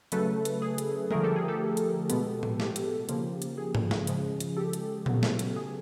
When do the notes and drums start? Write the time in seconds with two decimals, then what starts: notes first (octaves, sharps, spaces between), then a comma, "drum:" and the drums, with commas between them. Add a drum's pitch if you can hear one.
0.12 C#3 F#3 A3 A4 B4, drum: hi-hat
0.45 drum: hi-hat
0.62 G#4
0.78 drum: hi-hat
1.11 D3 F3 A3 G#4 A#4, drum: tom G3
1.23 G4 A4
1.36 G#4
1.48 G4 A4
1.77 drum: hi-hat
2.10 B2 G#3 B3, drum: hi-hat
2.43 drum: tom A2
2.60 G4, drum: snare
2.76 drum: hi-hat
3.09 C#3 F3 A#3, drum: hi-hat
3.42 drum: hi-hat
3.58 G#4
3.75 drum: tom G#2
3.91 drum: snare
4.07 C#3 F3 G#3, drum: hi-hat
4.40 drum: hi-hat
4.56 G4 A4
4.73 drum: hi-hat
5.06 C#3 F#3 B3, drum: tom A#2
5.23 drum: snare
5.39 drum: hi-hat
5.56 G#4